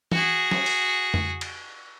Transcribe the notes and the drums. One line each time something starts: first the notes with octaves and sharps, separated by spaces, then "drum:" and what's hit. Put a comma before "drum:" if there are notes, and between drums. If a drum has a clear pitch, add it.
F#4 G#4, drum: tom E3
drum: snare
drum: open hi-hat
drum: tom F2
drum: cymbal